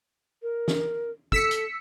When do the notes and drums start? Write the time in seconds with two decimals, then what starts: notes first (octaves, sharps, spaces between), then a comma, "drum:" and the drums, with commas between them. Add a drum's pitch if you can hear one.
0.42 A#4
0.68 drum: snare
1.32 A4 E6 B6 C#7, drum: kick
1.51 drum: hi-hat